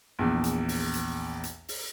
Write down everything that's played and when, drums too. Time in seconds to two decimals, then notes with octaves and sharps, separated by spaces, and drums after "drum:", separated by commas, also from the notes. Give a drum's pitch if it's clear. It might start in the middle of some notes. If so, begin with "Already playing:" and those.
0.19 A#1 E2
0.44 drum: hi-hat
0.69 drum: open hi-hat
0.94 drum: hi-hat
1.44 drum: hi-hat
1.68 drum: open hi-hat